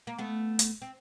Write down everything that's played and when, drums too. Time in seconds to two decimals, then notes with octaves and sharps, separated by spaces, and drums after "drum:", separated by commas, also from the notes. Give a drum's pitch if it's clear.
0.07 A#3
0.18 A3 B3
0.59 drum: hi-hat
0.82 C4